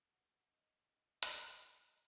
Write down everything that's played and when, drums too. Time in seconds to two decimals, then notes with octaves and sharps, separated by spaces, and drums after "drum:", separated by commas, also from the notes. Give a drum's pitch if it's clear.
0.04 F#5
0.40 D#5
1.23 drum: hi-hat